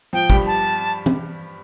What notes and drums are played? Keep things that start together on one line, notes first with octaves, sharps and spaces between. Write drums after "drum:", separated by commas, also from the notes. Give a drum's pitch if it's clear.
F3 G5
G2 G3, drum: kick
A5
drum: tom E3